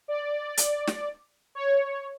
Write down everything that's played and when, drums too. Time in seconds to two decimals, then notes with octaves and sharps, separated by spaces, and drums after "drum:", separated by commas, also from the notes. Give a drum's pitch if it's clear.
0.08 D5
0.57 drum: hi-hat
0.87 drum: snare
1.55 C#5